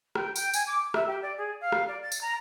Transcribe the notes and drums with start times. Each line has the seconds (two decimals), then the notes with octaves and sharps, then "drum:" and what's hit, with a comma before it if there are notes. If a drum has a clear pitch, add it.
0.15 G5, drum: rim click
0.36 G5, drum: tambourine
0.54 G#5, drum: tambourine
0.66 D6
0.94 E5, drum: rim click
1.07 G4
1.22 D5
1.37 G#4
1.61 F5
1.72 drum: rim click
1.88 D5
2.02 A6
2.12 drum: tambourine
2.21 A#5